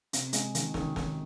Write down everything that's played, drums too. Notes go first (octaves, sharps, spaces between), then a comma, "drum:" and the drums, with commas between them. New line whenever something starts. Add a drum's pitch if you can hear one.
C3, drum: hi-hat
G#3, drum: hi-hat
D#3, drum: hi-hat
D#3, drum: snare
D#3, drum: snare